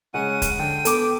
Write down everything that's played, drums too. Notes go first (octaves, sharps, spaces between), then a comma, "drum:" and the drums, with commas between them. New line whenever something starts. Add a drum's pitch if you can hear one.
C#3 G#3 C#4 F#5 D#7
drum: kick, hi-hat
D3 G5
B3 A4 D6, drum: hi-hat